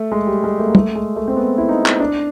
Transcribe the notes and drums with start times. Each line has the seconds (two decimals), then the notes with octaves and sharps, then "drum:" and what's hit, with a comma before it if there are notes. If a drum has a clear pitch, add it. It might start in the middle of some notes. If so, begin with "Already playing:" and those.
Already playing: A3
0.12 G#3
0.27 G3
0.44 G#3
0.59 A3
0.67 A#3
0.75 A3, drum: tom
0.95 G#3
1.16 A3
1.28 C4
1.37 B3
1.58 E4
1.69 D#4
1.86 drum: clap
2.00 D4